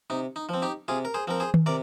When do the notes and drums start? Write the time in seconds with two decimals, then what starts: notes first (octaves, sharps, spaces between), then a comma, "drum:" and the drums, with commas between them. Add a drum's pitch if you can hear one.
0.10 C3 D#4
0.36 D#4
0.49 F3 C4
0.62 D#4 G4
0.88 C3 F4 G#4
1.05 A#4
1.14 G#4 C5
1.27 F3 C4 A#4
1.40 G#4 C5
1.54 drum: tom D#3
1.66 C3 A#4 D5